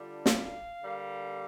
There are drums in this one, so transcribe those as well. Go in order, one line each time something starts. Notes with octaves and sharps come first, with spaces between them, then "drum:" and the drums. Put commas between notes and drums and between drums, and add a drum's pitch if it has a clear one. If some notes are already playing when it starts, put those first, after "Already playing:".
Already playing: D3 G3 D4 F4
F5, drum: snare
D3 G3 A#3